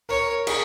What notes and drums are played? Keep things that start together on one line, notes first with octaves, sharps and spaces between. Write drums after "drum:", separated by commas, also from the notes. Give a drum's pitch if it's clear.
A#4 C#5
G#4, drum: cymbal